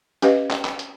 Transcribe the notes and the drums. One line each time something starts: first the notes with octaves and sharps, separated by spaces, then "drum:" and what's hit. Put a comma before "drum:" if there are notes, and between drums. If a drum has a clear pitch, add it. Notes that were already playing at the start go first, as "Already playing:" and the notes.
C#4 G4 B4 D#5 F5, drum: hi-hat
drum: clap
drum: clap
drum: hi-hat